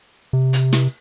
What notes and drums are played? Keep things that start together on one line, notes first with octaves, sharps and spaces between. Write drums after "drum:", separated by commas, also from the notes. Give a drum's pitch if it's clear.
C3
drum: hi-hat
drum: snare